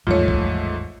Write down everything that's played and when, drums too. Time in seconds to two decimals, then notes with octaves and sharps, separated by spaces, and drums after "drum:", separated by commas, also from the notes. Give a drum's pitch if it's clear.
0.07 A1 E2 G#2 F3 G3 A3 F4 C#5
0.28 drum: kick